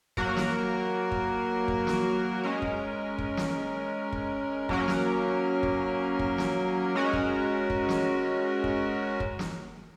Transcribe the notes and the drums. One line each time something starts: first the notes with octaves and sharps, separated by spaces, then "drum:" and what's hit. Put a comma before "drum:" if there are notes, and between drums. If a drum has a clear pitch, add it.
F#3 A#3 F#4 A#4, drum: kick
drum: snare
drum: kick
drum: kick
drum: snare
G#3 C#4 A#4
drum: kick
drum: kick
drum: snare
drum: kick
F#3 A#3 C#4 A#4, drum: kick
drum: snare
drum: kick
drum: kick
drum: snare
G#3 C#4 F#4 A#4
drum: kick
drum: kick
drum: snare
drum: kick
drum: kick
drum: snare